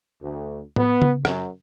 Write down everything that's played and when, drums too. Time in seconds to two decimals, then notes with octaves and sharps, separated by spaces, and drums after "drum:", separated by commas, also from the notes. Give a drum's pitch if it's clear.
0.22 D2
0.76 B3, drum: tom A2
1.02 drum: tom C#3
1.25 F#2, drum: rim click